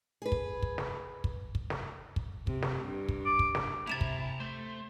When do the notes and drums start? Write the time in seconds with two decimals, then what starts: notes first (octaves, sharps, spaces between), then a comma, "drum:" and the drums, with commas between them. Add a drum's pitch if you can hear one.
0.22 G#4 B4
0.32 drum: kick
0.63 drum: kick
0.78 drum: snare
1.24 drum: kick
1.55 drum: kick
1.70 drum: snare
2.16 drum: kick
2.47 C3, drum: kick
2.62 drum: snare
2.85 G2
3.09 drum: kick
3.26 D6
3.39 drum: kick
3.55 drum: snare
3.87 C3 E4 A5 A#5 A6 E7 F7
4.01 drum: kick
4.40 A3 C5